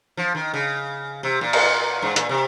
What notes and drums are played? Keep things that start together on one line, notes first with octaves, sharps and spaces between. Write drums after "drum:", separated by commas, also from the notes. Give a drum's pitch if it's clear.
F3
D#3
C#3
C3
A#2
drum: cymbal
G#2
A#2, drum: hi-hat
C3